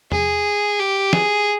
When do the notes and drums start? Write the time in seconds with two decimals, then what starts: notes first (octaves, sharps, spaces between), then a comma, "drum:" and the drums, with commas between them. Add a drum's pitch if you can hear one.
0.12 G#4, drum: tom E2
0.79 G4
1.13 G#4, drum: snare